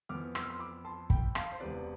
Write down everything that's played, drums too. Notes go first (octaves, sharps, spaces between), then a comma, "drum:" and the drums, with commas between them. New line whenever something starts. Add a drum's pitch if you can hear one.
F2 E3 B3 D6 F6
E6, drum: rim click
F6
C6 E6
B5 D6
A5 C6
G5 B5, drum: kick
F5 A5, drum: rim click
C5
E1 E2 C3 B4 D5